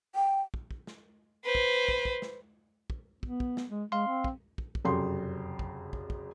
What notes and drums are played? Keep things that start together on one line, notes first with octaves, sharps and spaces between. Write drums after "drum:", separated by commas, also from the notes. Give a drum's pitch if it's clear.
G5
drum: kick
drum: kick
drum: snare
B4 C5
drum: kick
drum: kick
drum: kick
drum: snare
drum: kick
B3, drum: kick
drum: kick
drum: snare
G#3
G#3 F5 C6
C4
drum: kick
drum: kick
drum: kick
F1 F#2 C#3 G4 G#4 C6
drum: kick
drum: kick
drum: kick